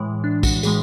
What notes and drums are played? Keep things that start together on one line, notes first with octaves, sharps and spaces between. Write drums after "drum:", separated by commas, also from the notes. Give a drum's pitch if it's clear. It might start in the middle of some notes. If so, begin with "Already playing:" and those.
Already playing: A2 E3 G#3
D4
F#4, drum: kick, tambourine
A2 E3 G#3 G#4, drum: tambourine